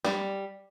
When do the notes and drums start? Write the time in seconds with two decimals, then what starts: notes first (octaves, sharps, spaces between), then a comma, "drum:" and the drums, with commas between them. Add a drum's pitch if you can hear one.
0.05 G3, drum: snare